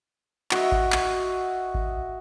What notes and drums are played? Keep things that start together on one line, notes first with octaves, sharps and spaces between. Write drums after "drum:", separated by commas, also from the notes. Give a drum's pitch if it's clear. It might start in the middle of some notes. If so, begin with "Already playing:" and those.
F#4 D#5 E5, drum: clap
drum: kick G#1
drum: clap
drum: kick G#1